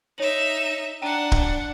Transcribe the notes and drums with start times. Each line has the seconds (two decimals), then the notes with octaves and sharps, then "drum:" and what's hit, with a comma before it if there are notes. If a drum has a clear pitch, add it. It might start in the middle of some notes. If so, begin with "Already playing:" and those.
0.18 D#4 C#5 E5 F#7
1.02 D4 F#5 G5 A#5 D#7
1.32 drum: kick